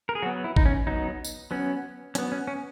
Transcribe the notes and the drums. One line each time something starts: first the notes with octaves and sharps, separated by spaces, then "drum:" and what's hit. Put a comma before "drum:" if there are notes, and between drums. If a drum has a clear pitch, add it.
A#4
G#4
F#3 B3 F#4
E4
D#4, drum: kick G#1
C#4
F#3 B3 D#4
drum: tambourine
F#3 B3 C#4
F#3 B3 C#4, drum: hi-hat
C#4
C#4